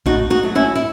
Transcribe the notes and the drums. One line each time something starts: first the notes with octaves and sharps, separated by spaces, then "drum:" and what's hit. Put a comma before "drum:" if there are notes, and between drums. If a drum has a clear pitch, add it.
A2 D#4 F#4, drum: kick A1
D#4 F#4
F#3 A3
C#4 E4
E4